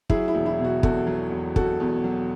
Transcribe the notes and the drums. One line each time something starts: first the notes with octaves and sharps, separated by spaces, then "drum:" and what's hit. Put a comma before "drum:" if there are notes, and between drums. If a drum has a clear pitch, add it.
F#3 E4 G#4, drum: kick
E4
E1
E4
B2
F#4
E2 F#4 A4, drum: kick
F#3
E1
B2 F#4 A4, drum: kick
E2
F#3